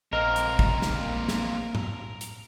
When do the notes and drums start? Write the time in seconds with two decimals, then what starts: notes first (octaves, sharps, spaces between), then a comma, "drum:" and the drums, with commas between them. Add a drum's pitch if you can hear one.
0.13 A#1 A#3 C4 A#4 D#5 F6
0.36 drum: hi-hat
0.59 drum: kick
0.82 drum: snare
1.28 drum: snare
1.75 drum: tom A2
2.21 drum: hi-hat